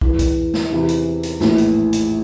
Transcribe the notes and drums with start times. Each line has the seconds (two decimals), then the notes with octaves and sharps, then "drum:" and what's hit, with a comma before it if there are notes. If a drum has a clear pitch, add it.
0.01 E2 E3, drum: kick
0.19 drum: kick, hi-hat
0.54 drum: snare
0.71 E2 C3 E3
0.88 drum: hi-hat
1.23 drum: hi-hat
1.40 A#1 A2 E3, drum: snare
1.58 drum: hi-hat
1.93 drum: hi-hat